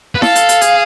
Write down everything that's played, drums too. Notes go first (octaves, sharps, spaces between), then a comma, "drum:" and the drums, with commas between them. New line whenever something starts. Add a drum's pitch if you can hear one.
B4
A4 F5, drum: snare E4
drum: hi-hat
drum: hi-hat
G#4, drum: hi-hat